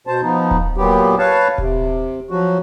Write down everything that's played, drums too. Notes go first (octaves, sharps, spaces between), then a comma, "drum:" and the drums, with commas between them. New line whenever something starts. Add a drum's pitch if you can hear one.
B2 C5 A5
F3 B3 D#4
drum: kick D#1
A#2 F#3 B3 G4
B4 C#5 F5 A5
C3, drum: kick D#1
F3 F#3 F#4